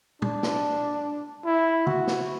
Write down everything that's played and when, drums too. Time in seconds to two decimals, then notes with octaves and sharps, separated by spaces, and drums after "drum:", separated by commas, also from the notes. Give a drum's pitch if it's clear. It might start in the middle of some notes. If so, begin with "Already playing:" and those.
0.22 D4, drum: tom
0.43 drum: snare
1.45 E4
1.87 F#4, drum: tom
2.07 drum: snare